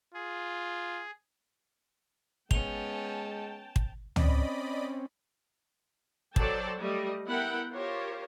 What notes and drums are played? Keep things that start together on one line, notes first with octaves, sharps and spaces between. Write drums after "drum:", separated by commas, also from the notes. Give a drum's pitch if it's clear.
F4 G#4
G#3 B3 C#4 G5 A5 F7 G7, drum: kick
drum: kick
C4 C#4 D5 D#5 B5, drum: tom
F#3 A4 C5 D5 G5 A5, drum: kick
G3 A3 D#5
B3 E4 A#4 F#5 G5 B5
F4 G4 A#4 C5 C#5